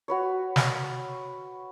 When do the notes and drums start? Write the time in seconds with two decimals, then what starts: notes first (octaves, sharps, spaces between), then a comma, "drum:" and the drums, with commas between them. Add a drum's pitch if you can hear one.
0.08 F#4 B4 C#5
0.56 drum: snare